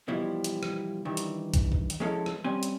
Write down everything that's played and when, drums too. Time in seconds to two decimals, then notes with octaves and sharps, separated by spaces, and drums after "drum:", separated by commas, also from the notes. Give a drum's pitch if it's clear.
0.08 B2 E3 F3 G3 E4
0.44 drum: hi-hat
0.63 drum: rim click
1.05 G2 D#3 E3
1.17 drum: hi-hat
1.54 drum: kick, hi-hat
1.72 drum: kick
1.90 drum: hi-hat
2.00 F3 F#3 G#3 C#4 E4 A4
2.26 drum: rim click
2.44 G3 C4 C#4 G#5
2.63 drum: hi-hat